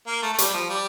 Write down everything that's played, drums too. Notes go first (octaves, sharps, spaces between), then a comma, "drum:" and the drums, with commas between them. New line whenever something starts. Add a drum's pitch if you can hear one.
A#3
A3
A3
G3, drum: hi-hat
F3
G3